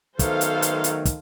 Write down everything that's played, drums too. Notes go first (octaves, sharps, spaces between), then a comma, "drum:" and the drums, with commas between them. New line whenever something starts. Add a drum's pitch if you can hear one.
D#3 F#3 A3 B3 A4 C5 F5, drum: kick, hi-hat
drum: hi-hat
drum: hi-hat
drum: hi-hat
drum: kick, hi-hat